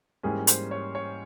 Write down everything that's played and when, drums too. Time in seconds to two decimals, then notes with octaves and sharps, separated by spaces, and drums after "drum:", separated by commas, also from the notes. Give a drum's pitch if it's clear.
0.23 G#2 E3 G3 A#3 C#4 G#4
0.47 C5, drum: hi-hat
0.71 C#5
0.95 C#5